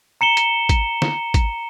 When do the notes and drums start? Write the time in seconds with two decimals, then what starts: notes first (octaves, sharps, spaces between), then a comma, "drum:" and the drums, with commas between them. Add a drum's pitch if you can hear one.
0.21 A#5 C#7 E7 G7
0.37 drum: hi-hat
0.69 drum: kick G#1, hi-hat
1.02 drum: snare
1.34 drum: kick G#1, hi-hat